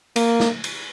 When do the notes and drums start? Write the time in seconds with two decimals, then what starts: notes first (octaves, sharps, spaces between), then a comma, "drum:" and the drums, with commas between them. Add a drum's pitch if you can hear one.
0.16 A#3, drum: cymbal
0.40 drum: snare
0.64 drum: cymbal